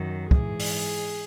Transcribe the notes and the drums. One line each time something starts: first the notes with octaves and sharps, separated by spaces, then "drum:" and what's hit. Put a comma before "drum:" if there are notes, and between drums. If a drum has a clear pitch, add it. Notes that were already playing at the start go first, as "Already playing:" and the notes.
Already playing: F#2 D#3 F#3
G#2 E3 G#4, drum: kick
drum: open hi-hat